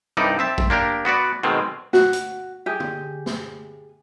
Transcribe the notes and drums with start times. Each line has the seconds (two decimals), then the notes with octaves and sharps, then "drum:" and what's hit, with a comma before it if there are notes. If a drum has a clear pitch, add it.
0.17 C2 G2 G3 D#4 A4 D5
0.39 C4 E5 A5
0.58 drum: kick A1
0.70 A#3 D4 G4 A#4
1.05 B3 F#4 B4 D5
1.43 B2 D#3 G#3 C4
1.93 F#4, drum: snare
2.13 drum: hi-hat
2.66 G4 G#4
2.80 drum: tom
3.26 drum: snare